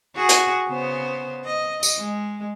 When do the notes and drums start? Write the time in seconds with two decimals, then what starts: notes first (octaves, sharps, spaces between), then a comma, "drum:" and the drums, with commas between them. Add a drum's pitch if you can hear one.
0.16 F#4 G#4
0.29 drum: hi-hat
0.69 C#3 B3 C5
1.45 D#5
1.83 drum: tambourine
1.98 G#3